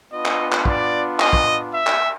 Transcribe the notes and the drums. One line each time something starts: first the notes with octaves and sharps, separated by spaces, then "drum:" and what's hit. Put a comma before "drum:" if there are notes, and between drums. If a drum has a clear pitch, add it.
B3 D4 F4 D#5
drum: clap
drum: clap
D5, drum: kick
D#5, drum: clap
drum: kick
E5
drum: clap